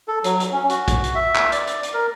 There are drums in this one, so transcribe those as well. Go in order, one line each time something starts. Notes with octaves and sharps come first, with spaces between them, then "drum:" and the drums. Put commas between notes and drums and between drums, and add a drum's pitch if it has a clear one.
A4
F#3, drum: hi-hat
drum: hi-hat
C#4
F#4, drum: hi-hat
drum: kick A#1, hi-hat
drum: hi-hat
E5
drum: clap
D5, drum: hi-hat
drum: hi-hat
drum: hi-hat
A#4